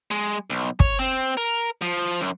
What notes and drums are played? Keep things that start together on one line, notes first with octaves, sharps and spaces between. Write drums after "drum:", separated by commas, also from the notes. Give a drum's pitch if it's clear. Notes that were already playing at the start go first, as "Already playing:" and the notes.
G#3
B1
C#5, drum: kick
C4
A#4
F3
F#2